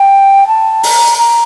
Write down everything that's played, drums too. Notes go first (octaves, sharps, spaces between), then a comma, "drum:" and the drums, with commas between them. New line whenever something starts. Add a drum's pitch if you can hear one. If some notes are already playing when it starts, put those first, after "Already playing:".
Already playing: G5
A5
A#5, drum: open hi-hat
A#5